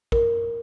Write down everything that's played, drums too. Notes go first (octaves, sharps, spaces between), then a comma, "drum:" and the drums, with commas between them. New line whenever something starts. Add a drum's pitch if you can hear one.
A#4, drum: kick